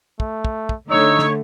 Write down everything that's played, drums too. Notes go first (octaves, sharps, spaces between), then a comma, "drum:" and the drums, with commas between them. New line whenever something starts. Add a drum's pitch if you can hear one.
A3, drum: kick
drum: kick
drum: kick
D3 A3 D#4 C#5 E6
drum: snare